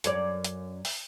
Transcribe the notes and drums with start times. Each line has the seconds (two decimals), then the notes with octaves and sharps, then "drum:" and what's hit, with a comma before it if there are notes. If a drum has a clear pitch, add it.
0.04 F#2 C#5 D5, drum: hi-hat
0.44 drum: hi-hat
0.85 drum: open hi-hat